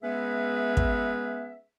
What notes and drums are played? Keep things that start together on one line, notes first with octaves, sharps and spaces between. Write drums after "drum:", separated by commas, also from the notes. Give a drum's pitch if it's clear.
G#3 B3 C#4 G#4 B4 E5
drum: kick